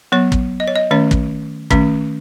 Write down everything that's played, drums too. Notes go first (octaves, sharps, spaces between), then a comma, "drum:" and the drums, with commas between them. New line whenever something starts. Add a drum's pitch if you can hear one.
F#3 B3 C#5
drum: kick
D#5
C#5
D#5
D#3 A3 C#4 C#5
drum: kick
D#3 A3 C#4, drum: kick